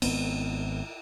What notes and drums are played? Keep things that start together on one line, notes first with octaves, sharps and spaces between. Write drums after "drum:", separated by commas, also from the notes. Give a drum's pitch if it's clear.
G#1 B3 C4, drum: cymbal